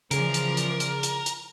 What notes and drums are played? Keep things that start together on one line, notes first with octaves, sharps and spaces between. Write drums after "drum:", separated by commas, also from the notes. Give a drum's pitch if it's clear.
C#3 E3 F3 G#4 A#4 D5, drum: hi-hat
drum: hi-hat
drum: hi-hat
drum: hi-hat
drum: hi-hat
drum: hi-hat